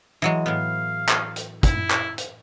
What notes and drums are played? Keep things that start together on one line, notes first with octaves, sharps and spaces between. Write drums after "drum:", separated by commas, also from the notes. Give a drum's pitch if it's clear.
E3 F#3 G#3
A2 B3 F5
drum: clap
drum: hi-hat
E4, drum: kick, hi-hat
drum: clap
drum: hi-hat